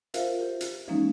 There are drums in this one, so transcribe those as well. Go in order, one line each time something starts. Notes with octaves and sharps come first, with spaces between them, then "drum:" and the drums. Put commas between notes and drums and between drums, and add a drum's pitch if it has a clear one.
F4 A#4 C5 E5 F5, drum: hi-hat
F4 G4
drum: hi-hat
E3 F3 G#3 A#3 C#4 D#4